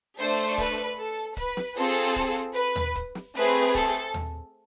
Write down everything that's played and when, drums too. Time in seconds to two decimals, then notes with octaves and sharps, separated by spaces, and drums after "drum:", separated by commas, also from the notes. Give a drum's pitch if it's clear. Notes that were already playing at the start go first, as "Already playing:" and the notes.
0.18 A3 D4 A4 C5
0.58 B4, drum: kick C#1, hi-hat
0.78 drum: hi-hat
0.98 A4
1.37 B4, drum: kick C#1, hi-hat
1.57 drum: snare
1.77 C4 F4 G#4 A4, drum: hi-hat
1.96 drum: hi-hat
2.16 drum: kick C#1, hi-hat
2.36 drum: hi-hat
2.56 B4
2.76 drum: tom D#2
2.95 drum: kick C#1, hi-hat
3.15 drum: snare
3.35 A3 C4 G#4 B4, drum: hi-hat
3.55 drum: hi-hat
3.75 A4, drum: kick C#1, hi-hat
3.94 drum: hi-hat
4.14 drum: tom D#2